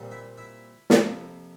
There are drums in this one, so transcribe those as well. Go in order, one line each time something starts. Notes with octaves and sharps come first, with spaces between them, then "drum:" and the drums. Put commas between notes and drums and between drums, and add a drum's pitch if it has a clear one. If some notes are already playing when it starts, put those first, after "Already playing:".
Already playing: A#2 G3 C4
E4 E5
E4 E5
F2 C3 F3 A#3 E4, drum: snare